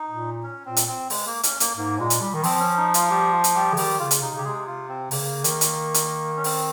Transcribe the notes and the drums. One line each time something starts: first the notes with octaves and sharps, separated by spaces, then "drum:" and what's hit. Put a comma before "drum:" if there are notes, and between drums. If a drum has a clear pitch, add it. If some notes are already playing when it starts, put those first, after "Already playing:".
Already playing: D#4
A#2
C#4
A#2 C4
drum: hi-hat
C4
G#3, drum: open hi-hat
A#3
C#4, drum: hi-hat
A#3, drum: hi-hat
G#2 A#3
A#2 G#3
drum: hi-hat
G3
D#3
F3 C4, drum: open hi-hat
C#4
D#4
F4, drum: hi-hat
G3 G4
F4
drum: hi-hat
G3 G4
C#3
D#3 G3 G4, drum: open hi-hat
C#3 F4
drum: hi-hat
C3 D#4
C#3 G4
C3 G#3 G#4
F4
C4
C#3 A#3, drum: open hi-hat
D#3, drum: hi-hat
drum: hi-hat
drum: hi-hat
C#4
C4, drum: open hi-hat